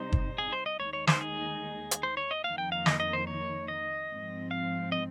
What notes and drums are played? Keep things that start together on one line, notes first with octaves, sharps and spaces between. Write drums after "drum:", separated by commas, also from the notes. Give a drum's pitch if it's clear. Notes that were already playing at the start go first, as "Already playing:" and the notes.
Already playing: C3 G3 C4 D#4 C5
drum: kick
G#4
C5
D#5
D#2 D#3 G#3 D#4 C#5
C#5
C5, drum: snare
G#4
drum: hi-hat
C5
C#5
D#5
F2 D#3 A#3 D#4 F5
G5
F5
D#5, drum: snare
D#5
C5
C#5
D#5
G#2 F3 C4
F5
D#5